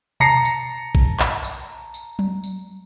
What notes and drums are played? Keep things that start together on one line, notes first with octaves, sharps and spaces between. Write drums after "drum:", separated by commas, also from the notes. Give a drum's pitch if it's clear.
A5 A#5 A#6 C7 C#7, drum: tom B2
drum: tambourine
drum: kick A#1
drum: clap
drum: tambourine
drum: tambourine
drum: tom F#3
drum: tambourine